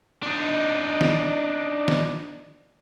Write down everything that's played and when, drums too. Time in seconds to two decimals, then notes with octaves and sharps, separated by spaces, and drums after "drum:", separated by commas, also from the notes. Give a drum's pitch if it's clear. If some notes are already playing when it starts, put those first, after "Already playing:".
0.23 D4 D#4
1.01 drum: snare
1.88 drum: snare